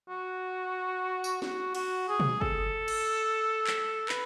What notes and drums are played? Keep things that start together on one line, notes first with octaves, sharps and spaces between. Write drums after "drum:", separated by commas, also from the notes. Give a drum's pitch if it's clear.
F#4
drum: tambourine
F#4, drum: snare
F#4, drum: cymbal
G#4
drum: tom B2
A4, drum: kick
drum: cymbal
drum: clap
B4, drum: clap